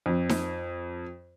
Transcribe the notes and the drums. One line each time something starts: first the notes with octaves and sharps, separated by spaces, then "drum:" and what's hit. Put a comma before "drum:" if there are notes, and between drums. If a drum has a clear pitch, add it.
F2
drum: snare D#4